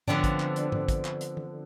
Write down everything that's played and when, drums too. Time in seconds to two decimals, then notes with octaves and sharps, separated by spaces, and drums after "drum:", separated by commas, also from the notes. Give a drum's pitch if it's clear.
0.08 D3 F3 B3 C4 D4, drum: tom G#2
0.24 drum: kick, hi-hat
0.40 drum: clap
0.56 drum: hi-hat
0.72 drum: tom G#2
0.88 drum: kick, hi-hat
1.05 drum: clap
1.21 drum: hi-hat
1.37 drum: tom E3